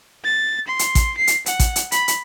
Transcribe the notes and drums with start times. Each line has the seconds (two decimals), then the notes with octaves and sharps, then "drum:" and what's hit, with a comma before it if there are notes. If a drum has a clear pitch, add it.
0.25 A6
0.67 C6
0.79 drum: hi-hat
0.95 drum: kick A1, hi-hat
1.17 C7
1.27 drum: hi-hat
1.46 F#5, drum: hi-hat
1.60 drum: kick A1, hi-hat
1.76 drum: hi-hat
1.92 B5, drum: hi-hat
2.08 drum: hi-hat